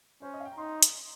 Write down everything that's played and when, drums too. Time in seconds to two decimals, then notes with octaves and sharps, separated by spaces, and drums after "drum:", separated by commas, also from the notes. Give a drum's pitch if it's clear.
0.22 C#4 C5
0.34 D#5
0.40 F5
0.45 G5
0.52 A#5
0.57 D#4 C6
0.82 drum: hi-hat